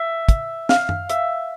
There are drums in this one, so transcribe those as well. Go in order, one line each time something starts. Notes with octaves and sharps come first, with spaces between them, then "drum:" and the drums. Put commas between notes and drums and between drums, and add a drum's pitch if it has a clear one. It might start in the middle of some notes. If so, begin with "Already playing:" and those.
Already playing: E5
drum: kick, hi-hat
F5, drum: snare
drum: tom F#2
E5, drum: hi-hat